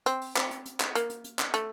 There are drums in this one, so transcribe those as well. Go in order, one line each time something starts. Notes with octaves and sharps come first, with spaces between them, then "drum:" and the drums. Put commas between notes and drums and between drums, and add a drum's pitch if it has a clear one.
C4, drum: hi-hat
drum: open hi-hat
C4, drum: clap
drum: hi-hat
drum: hi-hat
drum: clap
A#3, drum: hi-hat
drum: hi-hat
drum: hi-hat
drum: clap
A3, drum: hi-hat